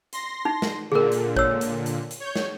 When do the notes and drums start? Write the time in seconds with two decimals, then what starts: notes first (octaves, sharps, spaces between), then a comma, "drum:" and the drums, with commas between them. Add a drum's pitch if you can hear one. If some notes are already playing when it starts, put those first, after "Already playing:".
0.13 C6 A#6, drum: hi-hat
0.45 D#4
0.62 drum: snare
0.92 A#2 D3 G#4 A#4
1.12 drum: hi-hat
1.36 C#5 E6, drum: kick
1.61 drum: hi-hat
1.86 drum: hi-hat
2.11 drum: hi-hat
2.20 C#5 G6
2.36 drum: snare